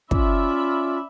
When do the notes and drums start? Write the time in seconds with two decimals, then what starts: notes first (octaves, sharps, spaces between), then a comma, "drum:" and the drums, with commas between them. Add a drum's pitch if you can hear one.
0.11 C#4 F4 D5 E5 B5, drum: kick